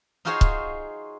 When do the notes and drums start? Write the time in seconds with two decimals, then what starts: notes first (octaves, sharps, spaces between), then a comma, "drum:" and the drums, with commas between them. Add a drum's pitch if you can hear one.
0.25 D#4 F4 F#4 G#4 C5 C#5
0.41 drum: kick C#1